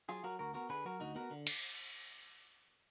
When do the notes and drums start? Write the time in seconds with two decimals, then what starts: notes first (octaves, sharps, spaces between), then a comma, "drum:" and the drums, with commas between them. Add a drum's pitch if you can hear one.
0.09 F#3 F4 G#4
0.24 F#3 F#4 A#4
0.39 D2 F#4 A#4
0.54 B3 F#4 A#4
0.69 D3 G#4 B4
0.85 F#3 F#4 A#4
1.00 D2 D#4 F#4
1.15 B3 F#4 A#4
1.31 D3
1.47 drum: cymbal